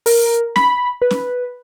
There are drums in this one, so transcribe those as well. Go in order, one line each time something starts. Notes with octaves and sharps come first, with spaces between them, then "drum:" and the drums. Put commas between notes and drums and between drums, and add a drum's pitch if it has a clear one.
A#4, drum: open hi-hat
B5, drum: snare C#4
B4
drum: snare C#4